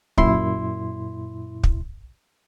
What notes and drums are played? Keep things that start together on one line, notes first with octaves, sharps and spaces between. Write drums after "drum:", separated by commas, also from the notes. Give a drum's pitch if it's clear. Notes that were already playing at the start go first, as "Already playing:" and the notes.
F#2 A#2 E4 C6, drum: kick
drum: kick